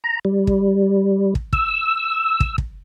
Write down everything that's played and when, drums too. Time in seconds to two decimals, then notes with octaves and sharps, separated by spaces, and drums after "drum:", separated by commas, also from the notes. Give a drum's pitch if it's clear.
0.04 A#5
0.25 G3
0.47 drum: kick
1.35 drum: kick
1.53 E6, drum: kick
2.40 drum: kick
2.58 drum: kick